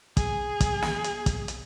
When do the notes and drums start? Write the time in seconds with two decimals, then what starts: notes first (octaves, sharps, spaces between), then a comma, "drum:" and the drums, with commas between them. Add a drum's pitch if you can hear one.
0.17 G#4 G#5, drum: kick, hi-hat
0.60 drum: kick, hi-hat
0.82 drum: snare
1.04 drum: hi-hat
1.26 drum: kick, hi-hat
1.48 drum: hi-hat